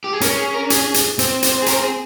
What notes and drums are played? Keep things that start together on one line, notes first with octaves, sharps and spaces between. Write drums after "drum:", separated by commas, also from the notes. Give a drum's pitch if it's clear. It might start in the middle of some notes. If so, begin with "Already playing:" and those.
G4
G#4
C#4 A#4, drum: hi-hat
G#4
A#4
G#4, drum: hi-hat
drum: hi-hat
C4, drum: hi-hat
drum: hi-hat
G#4
A#4, drum: hi-hat
G#4